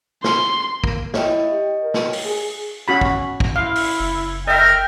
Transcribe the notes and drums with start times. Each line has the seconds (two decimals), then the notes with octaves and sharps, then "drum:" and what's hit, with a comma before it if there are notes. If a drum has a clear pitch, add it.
0.24 C6, drum: snare
0.84 A#3, drum: kick
1.14 E4 C#5 D#5 G5, drum: snare
1.51 G4
1.83 A#4
1.94 drum: snare
2.13 drum: open hi-hat
2.25 G#4
2.88 C#4 F#4 B5
3.01 drum: kick
3.40 drum: kick
3.56 E4 F5
3.75 drum: open hi-hat
4.00 F#1
4.48 A#4 D#5 E5 G5